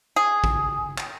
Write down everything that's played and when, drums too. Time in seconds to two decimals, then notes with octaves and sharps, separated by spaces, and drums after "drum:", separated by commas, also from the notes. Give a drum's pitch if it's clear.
0.16 G#4
0.44 drum: kick
0.98 drum: clap